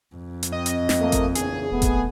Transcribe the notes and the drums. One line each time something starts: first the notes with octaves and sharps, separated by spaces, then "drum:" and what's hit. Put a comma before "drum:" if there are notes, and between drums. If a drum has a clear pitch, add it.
F2
drum: hi-hat
C4 D#5
drum: hi-hat
drum: snare
A3 A#3
drum: kick G#1, hi-hat
A#1 E2 C#3 G#4, drum: hi-hat
E1 A3 B3
drum: kick G#1, hi-hat